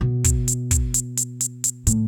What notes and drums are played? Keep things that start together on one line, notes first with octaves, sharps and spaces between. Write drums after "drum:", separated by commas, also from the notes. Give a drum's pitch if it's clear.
B2
drum: kick, hi-hat
drum: hi-hat
drum: kick, hi-hat
drum: hi-hat
drum: hi-hat
drum: hi-hat
drum: hi-hat
A2, drum: hi-hat